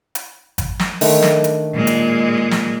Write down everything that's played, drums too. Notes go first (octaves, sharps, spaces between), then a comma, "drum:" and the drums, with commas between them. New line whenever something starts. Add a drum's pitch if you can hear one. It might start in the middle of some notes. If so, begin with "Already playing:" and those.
drum: hi-hat
drum: kick G#1, hi-hat
drum: snare
D#3 A3 D4, drum: open hi-hat
drum: snare
drum: hi-hat
A#2 G#3
drum: hi-hat
D#5
drum: snare